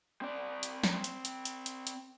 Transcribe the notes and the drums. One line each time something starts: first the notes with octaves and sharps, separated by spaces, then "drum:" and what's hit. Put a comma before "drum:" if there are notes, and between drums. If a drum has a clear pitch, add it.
C4 D5
drum: hi-hat
drum: snare
drum: hi-hat
drum: hi-hat
drum: hi-hat
drum: hi-hat
drum: hi-hat